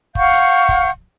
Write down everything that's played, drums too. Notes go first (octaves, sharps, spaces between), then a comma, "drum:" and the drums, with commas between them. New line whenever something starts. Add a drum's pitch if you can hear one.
F5 F#5 C#6 G6, drum: kick
drum: hi-hat
drum: kick, hi-hat